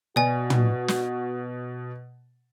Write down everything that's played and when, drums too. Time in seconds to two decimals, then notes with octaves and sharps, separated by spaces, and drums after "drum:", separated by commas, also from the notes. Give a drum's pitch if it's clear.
0.16 B2 F#4 D5 G#5
0.50 drum: tom
0.88 drum: snare